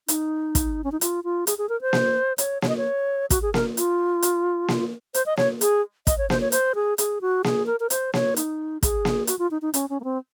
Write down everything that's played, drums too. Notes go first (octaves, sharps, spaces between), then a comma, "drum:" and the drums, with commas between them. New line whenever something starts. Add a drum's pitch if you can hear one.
D#4, drum: hi-hat
drum: kick, hi-hat
C#4
D#4
F4, drum: hi-hat
F4
G#4, drum: hi-hat
G#4
A#4
C5
drum: snare A#3
C#5, drum: hi-hat
C#5, drum: snare A#3
D#5
C#5
F#4, drum: kick, hi-hat
G#4
A#4, drum: snare A#3
F4, drum: hi-hat
drum: hi-hat
drum: snare A#3
C5, drum: hi-hat
D#5
C#5, drum: snare A#3
G#4, drum: hi-hat
D#5, drum: kick, hi-hat
C#5
C5, drum: snare A#3
C#5
C5, drum: hi-hat
G#4
G#4, drum: hi-hat
F#4
G#4, drum: snare A#3
A#4
A#4
C5, drum: hi-hat
C#5, drum: snare A#3
D#4, drum: hi-hat
G#4, drum: kick, hi-hat
drum: snare A#3
F#4, drum: hi-hat
F4
D#4
D#4
C#4, drum: hi-hat
C#4
A#3
C4